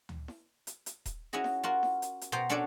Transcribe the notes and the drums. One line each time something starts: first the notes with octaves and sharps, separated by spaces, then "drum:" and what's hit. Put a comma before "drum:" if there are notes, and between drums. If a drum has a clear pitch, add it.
drum: tom D2
drum: snare E4
drum: hi-hat
drum: hi-hat
drum: kick D#1, hi-hat
C#4 E4 F#4 G#4 D#5
drum: snare E4
F4 F#4 A#4
drum: snare E4
drum: hi-hat
drum: hi-hat
B2 B3 C5 G5 A#5
C#4 D4 F#4 A4 C#5 D5